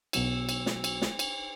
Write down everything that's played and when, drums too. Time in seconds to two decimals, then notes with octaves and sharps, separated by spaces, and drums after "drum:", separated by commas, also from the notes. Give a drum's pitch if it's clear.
0.13 B1 B2 F#3 E6, drum: cymbal
0.49 drum: cymbal
0.66 drum: snare
0.84 drum: cymbal
1.02 drum: snare
1.19 drum: cymbal